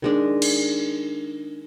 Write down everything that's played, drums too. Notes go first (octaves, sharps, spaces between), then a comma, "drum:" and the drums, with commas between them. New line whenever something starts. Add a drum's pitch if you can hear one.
D#3 G#3 D4
drum: cymbal